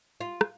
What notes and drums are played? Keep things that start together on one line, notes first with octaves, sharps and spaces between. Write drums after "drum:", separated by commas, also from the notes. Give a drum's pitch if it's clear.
F4
drum: rim click